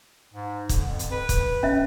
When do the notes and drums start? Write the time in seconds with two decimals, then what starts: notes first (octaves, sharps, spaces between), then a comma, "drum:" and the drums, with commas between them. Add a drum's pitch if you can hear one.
0.33 G#2
0.69 D3, drum: kick, hi-hat
0.87 F2
0.99 drum: hi-hat
1.11 B4
1.29 drum: kick, hi-hat
1.63 C#4 E5